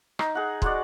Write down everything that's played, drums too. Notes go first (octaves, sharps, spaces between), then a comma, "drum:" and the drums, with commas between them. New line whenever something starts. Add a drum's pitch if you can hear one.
D#4, drum: rim click
G#4 F#5
G#3 F#4 D5, drum: kick